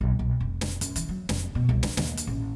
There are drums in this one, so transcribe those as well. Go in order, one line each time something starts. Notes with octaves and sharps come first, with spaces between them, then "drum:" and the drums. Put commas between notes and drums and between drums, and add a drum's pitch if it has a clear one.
B1
B1
F1
drum: snare
F#2, drum: hi-hat
E3, drum: hi-hat
F#3
F1, drum: snare
B2
C2
D#4, drum: snare
D#2, drum: snare
drum: hi-hat
A1